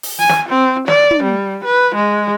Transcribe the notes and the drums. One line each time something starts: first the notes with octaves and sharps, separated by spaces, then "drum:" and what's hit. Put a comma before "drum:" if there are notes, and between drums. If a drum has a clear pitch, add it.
drum: open hi-hat
G#5
drum: snare
C4
D5, drum: snare
drum: tom
G3
B4
G#3